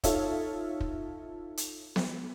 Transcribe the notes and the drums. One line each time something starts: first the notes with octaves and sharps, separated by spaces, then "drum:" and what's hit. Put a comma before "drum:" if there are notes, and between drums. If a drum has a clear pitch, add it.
D#4 F4 A4 C#5 E5, drum: kick, hi-hat
drum: kick
drum: hi-hat
drum: snare B3